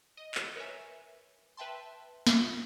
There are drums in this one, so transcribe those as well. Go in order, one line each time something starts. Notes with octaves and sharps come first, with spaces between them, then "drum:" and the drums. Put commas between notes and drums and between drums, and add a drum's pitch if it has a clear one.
D#5
drum: clap
A#4 B4 C#5 E5 G#5
B4 E5 G5 A5 C6
B3 F4 E5 F5, drum: snare